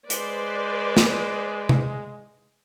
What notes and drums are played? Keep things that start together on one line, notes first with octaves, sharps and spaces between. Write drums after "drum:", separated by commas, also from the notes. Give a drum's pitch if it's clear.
G#3 B4 C5 D5, drum: hi-hat
drum: snare
drum: tom C3